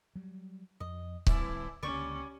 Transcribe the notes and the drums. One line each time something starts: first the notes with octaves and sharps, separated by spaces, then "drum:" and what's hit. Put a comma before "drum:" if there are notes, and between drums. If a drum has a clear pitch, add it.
F#3 G3
F2 D#5
D1 A2 E3 G3 C4 E4 D5, drum: kick C#1
C#2 D3 G3 A#3 C#4 D5 C#6